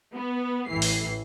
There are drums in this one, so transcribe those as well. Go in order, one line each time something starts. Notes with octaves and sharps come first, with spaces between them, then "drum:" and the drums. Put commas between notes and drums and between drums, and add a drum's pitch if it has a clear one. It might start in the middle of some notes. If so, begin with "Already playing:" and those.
B3
A1 A2 E3 C7
drum: open hi-hat